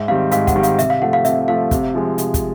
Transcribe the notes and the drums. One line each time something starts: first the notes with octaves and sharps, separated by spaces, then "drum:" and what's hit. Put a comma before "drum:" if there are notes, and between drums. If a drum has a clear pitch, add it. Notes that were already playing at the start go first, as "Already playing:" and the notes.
Already playing: G#2 E5
D#3 G3 C4 F5
G#2 F5, drum: hi-hat
F#5, drum: kick, hi-hat
D#3 G3 C4
F5, drum: hi-hat
C3 E5, drum: hi-hat
F5
F3 A3 F#5
F5
C3 E5, drum: hi-hat
F3 A3 F5
C3, drum: kick, hi-hat
F3 G#3
C3, drum: hi-hat
drum: kick, hi-hat